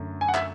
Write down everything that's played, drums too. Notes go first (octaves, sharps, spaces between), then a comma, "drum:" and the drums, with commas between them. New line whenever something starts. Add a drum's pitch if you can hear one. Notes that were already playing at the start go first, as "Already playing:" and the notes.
Already playing: F#2 D3 A3
G#5
F#5
E5, drum: clap